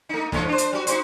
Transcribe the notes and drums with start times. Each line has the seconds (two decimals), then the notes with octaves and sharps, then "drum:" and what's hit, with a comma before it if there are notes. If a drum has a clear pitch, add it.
0.09 A3 D#4
0.32 A2 D3 E3, drum: snare
0.49 D4 C5
0.58 drum: hi-hat
0.72 G3 F#4
0.87 D#4 F#4 C5, drum: hi-hat